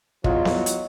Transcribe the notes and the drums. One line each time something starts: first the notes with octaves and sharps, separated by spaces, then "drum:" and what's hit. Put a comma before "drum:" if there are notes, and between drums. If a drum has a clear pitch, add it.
E2 F#3 F4 D#5, drum: kick
drum: snare B3
drum: hi-hat